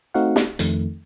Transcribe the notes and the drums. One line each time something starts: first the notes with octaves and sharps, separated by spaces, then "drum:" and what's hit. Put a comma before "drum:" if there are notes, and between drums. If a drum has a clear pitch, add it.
A3 C4 D#4 F#4 F5 F#5
drum: snare
F2 D#3 A3, drum: hi-hat